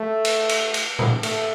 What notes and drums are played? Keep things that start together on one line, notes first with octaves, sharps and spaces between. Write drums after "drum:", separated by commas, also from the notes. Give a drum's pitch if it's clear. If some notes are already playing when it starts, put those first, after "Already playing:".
Already playing: A3
drum: cymbal
drum: cymbal
drum: cymbal
drum: tom A2
A3, drum: cymbal